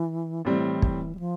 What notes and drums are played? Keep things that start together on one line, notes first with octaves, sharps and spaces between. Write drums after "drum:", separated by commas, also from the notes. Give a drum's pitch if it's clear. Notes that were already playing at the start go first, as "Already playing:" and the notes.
Already playing: E3
A2 E3 G3 C4
drum: kick
G3
F3